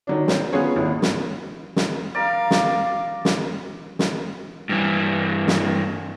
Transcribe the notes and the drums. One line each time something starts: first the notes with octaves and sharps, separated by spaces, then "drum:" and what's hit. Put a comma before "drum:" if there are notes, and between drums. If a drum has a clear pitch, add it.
D#3 F#3 D4
C4, drum: snare
B3 C#4 F4 G#4 C#5
G#1 D#2 E4
drum: snare
drum: snare
A#4 D5 F5
drum: snare
drum: snare
drum: snare
G2 E3
drum: snare